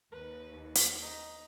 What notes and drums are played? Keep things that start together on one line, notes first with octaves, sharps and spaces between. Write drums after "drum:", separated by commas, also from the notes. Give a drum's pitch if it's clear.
D#2 B4
drum: hi-hat
D#4